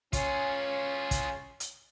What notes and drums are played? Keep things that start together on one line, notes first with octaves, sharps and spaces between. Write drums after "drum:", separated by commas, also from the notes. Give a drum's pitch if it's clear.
C#4 F4 G#4 C#5 C6, drum: kick, hi-hat
drum: kick, hi-hat
drum: hi-hat